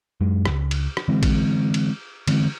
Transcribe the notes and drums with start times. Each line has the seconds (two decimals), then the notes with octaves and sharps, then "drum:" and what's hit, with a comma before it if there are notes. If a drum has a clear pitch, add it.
0.21 F#2 G#3
0.45 C#2, drum: rim click
0.71 drum: cymbal
0.97 drum: rim click
1.08 D3 E3 G#3 C4
1.23 drum: kick A1, cymbal
1.74 drum: cymbal
2.28 D3 E3 G#3 C4, drum: cymbal